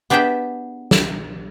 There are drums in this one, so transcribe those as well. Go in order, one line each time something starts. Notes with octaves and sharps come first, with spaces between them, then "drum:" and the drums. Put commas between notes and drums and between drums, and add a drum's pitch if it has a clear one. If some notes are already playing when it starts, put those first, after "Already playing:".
B3 D4 G4 G#4 E5 G5
drum: snare